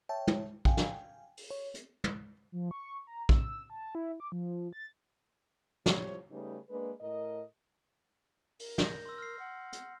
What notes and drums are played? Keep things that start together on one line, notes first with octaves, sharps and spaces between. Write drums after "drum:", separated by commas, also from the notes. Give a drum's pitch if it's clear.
C#5 E5 G5 A5
drum: tom
F5 G5 G#5, drum: kick A#1
drum: snare
drum: open hi-hat
C#5
drum: hi-hat
drum: tom
F3
C#6
A#5
E6, drum: kick A#1
A5
E4
D6
F3
A6
A2 C3 F3 G3 C5 C#5, drum: snare
C#3 G3 A3 D#4 B4
G#3 A#3 D4 B4
A2 A#4 D#5
A#4, drum: open hi-hat
G6 A#6, drum: snare
C6 E6
F6 C7
F#5
drum: hi-hat